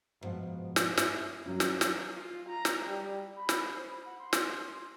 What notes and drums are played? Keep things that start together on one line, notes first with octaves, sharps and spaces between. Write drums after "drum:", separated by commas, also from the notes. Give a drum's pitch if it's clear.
D2 G#2 B2 F3 F#5
drum: snare
E4, drum: snare
D#3 F#3 C#4
drum: snare
drum: snare
F4
A#5
drum: snare
G3
B5
drum: snare
C5
B5
F#5
C6
drum: snare